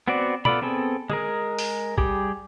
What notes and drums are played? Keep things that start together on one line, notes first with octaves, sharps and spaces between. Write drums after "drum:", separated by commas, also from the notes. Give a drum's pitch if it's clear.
B3 C4 F#4 C5 D5
B3 F4 A4 D5 B5, drum: tom
B3 C4 G#4 A4
G#3 G#4 A#4, drum: tom
drum: open hi-hat
G3 G4 G#4, drum: kick